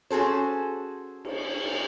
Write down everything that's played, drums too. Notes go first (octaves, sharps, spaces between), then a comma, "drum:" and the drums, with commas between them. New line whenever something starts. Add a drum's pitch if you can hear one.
C#4 F#4 G#4 A4 C5
drum: cymbal
drum: cymbal